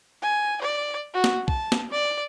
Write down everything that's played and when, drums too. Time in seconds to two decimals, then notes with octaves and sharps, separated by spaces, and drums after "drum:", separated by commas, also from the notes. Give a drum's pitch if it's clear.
0.22 G#5
0.61 D5
1.14 F#4
1.24 drum: snare
1.48 A5, drum: kick
1.72 drum: snare
1.91 D5